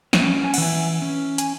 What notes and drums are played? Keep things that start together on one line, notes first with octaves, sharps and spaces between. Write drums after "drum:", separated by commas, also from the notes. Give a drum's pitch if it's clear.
C#4, drum: snare
G#5
F#5, drum: cymbal
E3 E5 G#5
C#4
G#5, drum: hi-hat